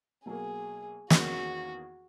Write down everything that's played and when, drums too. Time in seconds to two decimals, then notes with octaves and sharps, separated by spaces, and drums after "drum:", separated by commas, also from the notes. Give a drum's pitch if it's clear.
0.26 B2 F#3 A#3 G#4
1.10 E2 D#3 A#3 C#4 F#4 G#4, drum: snare